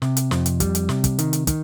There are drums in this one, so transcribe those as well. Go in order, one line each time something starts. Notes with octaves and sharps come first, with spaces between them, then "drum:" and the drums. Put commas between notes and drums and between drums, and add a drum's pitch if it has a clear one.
C3, drum: snare
drum: hi-hat
F2, drum: snare
drum: hi-hat
G3, drum: kick, hi-hat
drum: hi-hat
C3, drum: snare
drum: kick, hi-hat
D#3, drum: hi-hat
drum: hi-hat
D#3, drum: kick, hi-hat